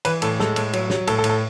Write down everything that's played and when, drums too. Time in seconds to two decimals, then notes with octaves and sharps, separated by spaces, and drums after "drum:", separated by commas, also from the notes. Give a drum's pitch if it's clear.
0.05 E3 B4, drum: cymbal
0.22 A2 A4, drum: cymbal
0.40 G#3 A4, drum: snare
0.56 A2, drum: cymbal
0.73 F#3, drum: cymbal
0.90 F#3, drum: snare
1.07 A2 A4, drum: cymbal
1.18 A4
1.24 A2, drum: cymbal
1.29 A4